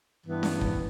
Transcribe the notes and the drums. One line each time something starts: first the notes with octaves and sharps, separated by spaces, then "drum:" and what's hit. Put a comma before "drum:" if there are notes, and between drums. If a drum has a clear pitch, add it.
G2 E3 B3
drum: snare C#4
drum: kick